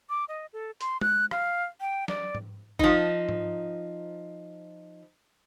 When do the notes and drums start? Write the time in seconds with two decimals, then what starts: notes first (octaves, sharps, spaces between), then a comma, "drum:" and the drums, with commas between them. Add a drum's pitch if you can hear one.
0.10 D6
0.29 D#5
0.53 A4
0.81 C6, drum: hi-hat
1.01 F#6, drum: tom G#3
1.31 F5, drum: rim click
1.81 G5
2.08 D5, drum: snare
2.35 drum: tom G#2
2.79 F3 D#4, drum: kick
3.29 drum: tom G#2